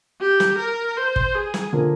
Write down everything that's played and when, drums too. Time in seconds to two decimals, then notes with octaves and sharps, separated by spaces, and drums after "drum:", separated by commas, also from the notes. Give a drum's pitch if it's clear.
0.21 G4
0.40 drum: snare
0.58 A#4
0.97 C5
1.16 drum: kick
1.35 G#4
1.54 drum: snare
1.73 D3 F3 A#3